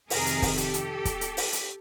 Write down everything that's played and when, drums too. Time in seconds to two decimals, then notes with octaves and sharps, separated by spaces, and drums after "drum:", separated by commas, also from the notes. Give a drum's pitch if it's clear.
0.10 F2 C3 D#3 G#4 A#4, drum: open hi-hat
0.26 drum: hi-hat
0.42 drum: kick, open hi-hat
0.58 G4 A4, drum: hi-hat
0.74 drum: hi-hat
1.05 drum: kick, hi-hat
1.21 drum: hi-hat
1.37 drum: open hi-hat
1.53 drum: hi-hat